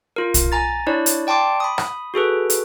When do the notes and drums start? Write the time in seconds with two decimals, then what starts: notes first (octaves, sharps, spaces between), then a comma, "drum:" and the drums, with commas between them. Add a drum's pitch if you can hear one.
0.16 F4 A#4
0.34 drum: kick B1, hi-hat
0.52 G#5 A#5 A6
0.87 D4 E4 C#5 D5
1.06 drum: hi-hat
1.27 D5 G5 A5 C6 D6
1.60 B5 D#6
1.78 drum: rim click
2.14 F#4 G#4 A4 B4
2.50 drum: hi-hat